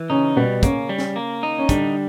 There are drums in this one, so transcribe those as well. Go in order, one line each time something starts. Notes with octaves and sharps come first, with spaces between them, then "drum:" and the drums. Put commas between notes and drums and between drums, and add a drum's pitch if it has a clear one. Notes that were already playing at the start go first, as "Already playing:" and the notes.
Already playing: E3
C#3 C#4 D#4
B2 G3 B3
C#3 A#3 C#4, drum: kick, hi-hat
G3
drum: snare
A#3
D#4
C#4
D3 G3 D4, drum: kick, hi-hat